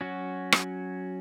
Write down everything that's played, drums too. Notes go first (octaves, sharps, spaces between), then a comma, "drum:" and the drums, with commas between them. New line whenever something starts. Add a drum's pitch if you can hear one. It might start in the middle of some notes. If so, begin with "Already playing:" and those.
F#3 C#4 F#4
drum: rim click